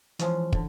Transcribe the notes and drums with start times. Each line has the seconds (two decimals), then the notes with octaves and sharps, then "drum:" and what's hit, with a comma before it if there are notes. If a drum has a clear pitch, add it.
0.19 E3 F3 G#3 C#4, drum: hi-hat
0.52 D3, drum: kick